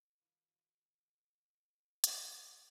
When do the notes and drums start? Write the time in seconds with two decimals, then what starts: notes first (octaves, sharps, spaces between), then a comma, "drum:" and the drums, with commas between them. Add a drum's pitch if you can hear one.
0.18 D#3 E4 F#4 F5 B5 D#7
2.04 drum: hi-hat